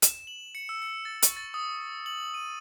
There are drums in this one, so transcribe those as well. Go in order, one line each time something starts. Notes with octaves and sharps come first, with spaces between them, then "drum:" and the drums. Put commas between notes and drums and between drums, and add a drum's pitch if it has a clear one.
E7, drum: hi-hat
F#7
C#7
E6
C#7
A6
C#6, drum: hi-hat
A6
D#6
F#7
D#7